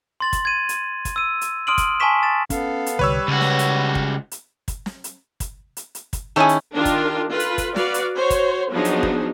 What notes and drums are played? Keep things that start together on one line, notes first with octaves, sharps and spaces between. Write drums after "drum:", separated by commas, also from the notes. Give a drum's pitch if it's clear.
C6 A6 F#7
drum: kick, hi-hat
G#6 D#7
drum: hi-hat
drum: kick, hi-hat
E6 D#7
drum: hi-hat
C6 D#6 F6 D7 D#7 F#7
drum: kick, hi-hat
G#5 A5 C6 C#6 B6 E7
A6 E7
B3 C#4 A4 F5, drum: kick, hi-hat
drum: hi-hat
C2 D3 G3 B4 C#5 E6
C#2 C#3 F#4
drum: snare
drum: hi-hat
drum: kick
drum: hi-hat
drum: kick, hi-hat
drum: snare
drum: hi-hat
drum: kick, hi-hat
drum: hi-hat
drum: hi-hat
drum: kick, hi-hat
D#3 C#4 E4 G#4 A4
drum: hi-hat
D#3 D4 F4 G4 A#4
drum: kick, hi-hat
F4 A4 B4
drum: hi-hat
drum: kick, hi-hat
F#4 B4 D5 F5, drum: snare
drum: hi-hat
F#4 C5 C#5
drum: kick, hi-hat
F3 F#3 B3 D4 D#4 G#4
drum: hi-hat
drum: kick